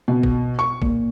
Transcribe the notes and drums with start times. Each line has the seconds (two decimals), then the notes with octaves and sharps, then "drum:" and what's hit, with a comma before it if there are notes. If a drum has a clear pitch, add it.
0.08 B2
0.23 drum: kick G#1
0.59 C#6
0.82 A#2, drum: kick G#1